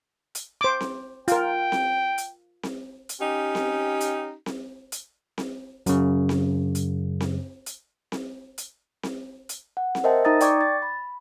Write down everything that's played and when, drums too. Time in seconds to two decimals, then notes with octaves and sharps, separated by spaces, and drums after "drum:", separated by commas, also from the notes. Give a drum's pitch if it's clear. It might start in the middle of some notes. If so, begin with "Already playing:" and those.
0.35 drum: hi-hat
0.61 C5 D6
0.81 drum: snare C4
1.28 F4 A#4 G5, drum: hi-hat
1.72 drum: snare C4
2.18 drum: hi-hat
2.63 drum: snare C4
3.09 drum: hi-hat
3.21 C#4 D#4 G4
3.55 drum: snare C4
4.00 drum: hi-hat
4.46 drum: snare C4
4.92 drum: hi-hat
5.38 drum: snare C4
5.86 F#2 C#3, drum: hi-hat
6.29 drum: snare C4
6.75 drum: hi-hat
7.20 drum: snare C4
7.66 drum: hi-hat
8.12 drum: snare C4
8.58 drum: hi-hat
9.03 drum: snare C4
9.49 drum: hi-hat
9.77 F#5
9.95 drum: snare C4
10.04 A#4 C5 D#5 E5 G5 A5
10.25 D#4 A#5 D#6 A6
10.40 D5 G5 C#6 D6 G#6, drum: hi-hat
10.61 A6
10.82 B5